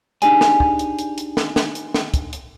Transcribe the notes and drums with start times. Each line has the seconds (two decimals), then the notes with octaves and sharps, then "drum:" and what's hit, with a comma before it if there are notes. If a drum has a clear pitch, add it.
0.22 D4 D#4 G4 G#4 D5 G#5, drum: hi-hat
0.41 drum: snare
0.60 drum: kick
0.79 drum: hi-hat
0.99 drum: hi-hat
1.18 drum: hi-hat
1.37 drum: snare
1.56 drum: snare
1.75 drum: hi-hat
1.94 drum: snare
2.14 drum: kick, hi-hat
2.33 drum: hi-hat